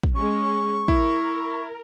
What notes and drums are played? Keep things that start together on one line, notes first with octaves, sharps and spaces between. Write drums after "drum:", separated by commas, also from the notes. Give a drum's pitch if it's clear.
drum: kick
G#3 C#4 C#6
E4 A#4, drum: kick